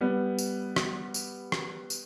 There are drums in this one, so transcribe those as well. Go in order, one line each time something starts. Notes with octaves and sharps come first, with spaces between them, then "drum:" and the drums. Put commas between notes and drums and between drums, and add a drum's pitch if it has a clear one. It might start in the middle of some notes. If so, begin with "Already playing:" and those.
G3 B3
drum: tambourine
drum: rim click
drum: tambourine
drum: rim click
drum: tambourine